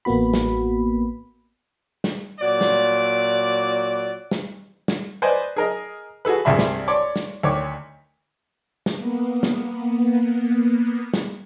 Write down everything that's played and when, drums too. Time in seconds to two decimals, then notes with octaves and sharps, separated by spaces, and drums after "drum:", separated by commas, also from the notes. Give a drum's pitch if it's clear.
0.05 A1 A#3 B3 F#4 B5
0.34 drum: snare
2.04 drum: snare
2.40 A#2 F#3 D5
2.61 drum: snare
4.31 drum: snare
4.88 drum: snare
5.22 B4 C5 D5 D#5 G#5
5.57 G#4 A#4 D#5
6.25 F#4 G#4 A4 B4
6.45 C2 G2 C3 G#4 E5 B5
6.59 drum: snare
6.88 C#5 D5 C6 D6
7.16 drum: snare
7.43 D2 D#3 C#5 D6
8.86 drum: snare
8.98 A#3 B3
9.43 drum: snare
11.14 drum: snare